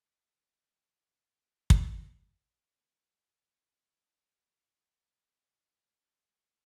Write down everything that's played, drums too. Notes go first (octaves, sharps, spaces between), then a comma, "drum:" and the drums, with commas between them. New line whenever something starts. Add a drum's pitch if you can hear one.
B3
C#4
D#4 C#5
C#5
D#4 D#5
D#5
C#4 E5
G5
drum: kick
B3
C#4
G#5
G#5
B5
C#6
E4 D#6
B5
C#6
G#5
A#5
A#5
G#4 C#6
G4 C#6
G#4 B5
G4
A#5
A#5
G#5
G5